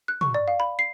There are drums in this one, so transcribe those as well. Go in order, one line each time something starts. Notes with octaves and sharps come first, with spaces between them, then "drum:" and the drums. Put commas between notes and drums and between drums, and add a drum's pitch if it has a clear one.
F#6
C#6, drum: tom
D5
F5
B5
C7